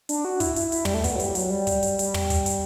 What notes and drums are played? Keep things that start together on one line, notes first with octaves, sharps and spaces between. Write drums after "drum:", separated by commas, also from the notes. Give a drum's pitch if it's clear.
D4, drum: hi-hat
F#4
E4, drum: kick, hi-hat
E4, drum: hi-hat
E4, drum: hi-hat
G3, drum: tom
A3
B3, drum: kick, hi-hat
F#3
G3, drum: hi-hat
F#3, drum: hi-hat
G3
drum: kick, hi-hat
drum: hi-hat
G3, drum: hi-hat
drum: tom
drum: kick, hi-hat
drum: hi-hat